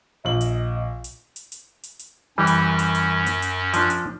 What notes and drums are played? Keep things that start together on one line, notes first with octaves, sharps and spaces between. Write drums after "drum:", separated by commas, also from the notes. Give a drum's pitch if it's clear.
A#1 D#5 F#7
drum: hi-hat
drum: hi-hat
drum: hi-hat
drum: hi-hat
drum: hi-hat
drum: hi-hat
F#2 E3 G3 C#4
drum: hi-hat
drum: hi-hat
drum: hi-hat
drum: hi-hat
drum: hi-hat
F3 D4, drum: hi-hat
drum: hi-hat